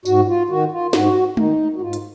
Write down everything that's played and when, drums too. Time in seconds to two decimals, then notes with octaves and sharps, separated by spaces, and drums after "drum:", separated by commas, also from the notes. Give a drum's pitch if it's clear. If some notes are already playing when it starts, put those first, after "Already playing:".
0.05 G#2 F#4, drum: tambourine
0.28 F4
0.49 D#3 F#4
0.72 F4
0.93 G#2 F#4, drum: snare
1.37 D#3 D#4, drum: tom G#3
1.76 F#4
1.81 G#2 F4
1.93 drum: hi-hat